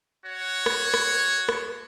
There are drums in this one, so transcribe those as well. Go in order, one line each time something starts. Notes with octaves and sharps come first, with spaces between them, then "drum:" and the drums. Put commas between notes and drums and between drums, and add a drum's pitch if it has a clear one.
F#4 C#5
drum: rim click
drum: rim click
drum: rim click